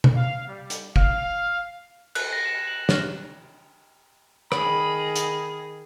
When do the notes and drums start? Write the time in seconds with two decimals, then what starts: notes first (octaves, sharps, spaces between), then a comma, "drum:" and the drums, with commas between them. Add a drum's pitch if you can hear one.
0.04 drum: tom B2
0.16 F5
0.46 G3
0.70 drum: hi-hat
0.96 F5, drum: kick
2.15 F#6, drum: cymbal
2.33 A#6
2.45 E7
2.67 F#7
2.89 F6, drum: snare
4.52 D#3 G#4 B5, drum: rim click
5.15 drum: hi-hat